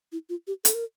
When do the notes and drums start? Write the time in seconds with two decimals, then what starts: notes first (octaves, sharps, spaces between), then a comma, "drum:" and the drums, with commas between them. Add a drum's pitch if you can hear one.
0.12 E4
0.29 F4
0.47 G4
0.65 A4, drum: hi-hat
0.74 A#4